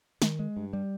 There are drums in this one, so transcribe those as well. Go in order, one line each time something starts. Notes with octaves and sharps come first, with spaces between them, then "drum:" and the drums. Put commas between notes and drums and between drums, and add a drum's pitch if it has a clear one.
D#3, drum: snare
G#3
G2
G3